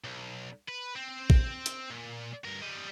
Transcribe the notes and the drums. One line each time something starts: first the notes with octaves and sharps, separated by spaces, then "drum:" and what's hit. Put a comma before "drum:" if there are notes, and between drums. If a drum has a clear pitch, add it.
B1
B4
C4
drum: kick
drum: hi-hat
A#2
G2 A#4
G3 D#5